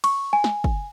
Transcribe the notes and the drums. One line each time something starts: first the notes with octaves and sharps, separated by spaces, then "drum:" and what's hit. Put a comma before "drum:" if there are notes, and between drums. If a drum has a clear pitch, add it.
C#6, drum: cymbal
G#5
drum: snare
drum: kick